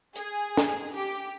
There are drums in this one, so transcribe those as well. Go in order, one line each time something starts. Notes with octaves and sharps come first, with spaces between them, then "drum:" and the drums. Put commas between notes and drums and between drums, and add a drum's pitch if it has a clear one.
G#4, drum: hi-hat
drum: snare
G4